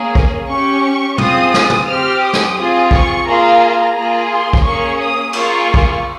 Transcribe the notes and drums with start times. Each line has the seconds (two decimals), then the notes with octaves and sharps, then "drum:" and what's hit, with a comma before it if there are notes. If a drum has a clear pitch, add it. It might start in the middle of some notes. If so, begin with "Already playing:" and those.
Already playing: A#3 C#4 G#4
0.15 drum: kick
0.49 C#4 G4 C#6
1.18 C4 F4 G#4 D#6, drum: tom
1.54 drum: snare
1.70 drum: tom
1.87 C4 G4 F6
2.22 D#6
2.33 drum: snare
2.57 C4 F4 G#4
2.91 C#6, drum: kick
3.26 A#3 F4 G#4 A#5
3.95 A#3 F4 G#4
4.29 C6
4.53 drum: kick
4.63 A#3 C#4 G#4 C#6
4.99 D#6
5.33 A#3 F4 G#4 C#6, drum: cymbal
5.74 drum: kick